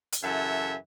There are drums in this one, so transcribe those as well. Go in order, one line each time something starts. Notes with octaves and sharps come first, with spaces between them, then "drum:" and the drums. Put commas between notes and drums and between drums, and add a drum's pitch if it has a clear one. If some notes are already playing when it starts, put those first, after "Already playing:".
drum: hi-hat
F#2 C#3 E3 A4 E5